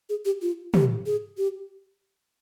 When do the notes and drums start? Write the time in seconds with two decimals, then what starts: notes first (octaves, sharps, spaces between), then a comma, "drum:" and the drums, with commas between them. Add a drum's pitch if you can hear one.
0.09 G#4
0.25 G4
0.42 F4
0.74 G4, drum: tom
1.06 G#4
1.38 G4